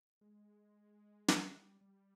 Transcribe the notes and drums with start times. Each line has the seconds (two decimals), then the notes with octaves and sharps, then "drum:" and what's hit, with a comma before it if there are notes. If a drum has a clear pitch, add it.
0.21 G#3
1.28 G3, drum: snare
1.81 G3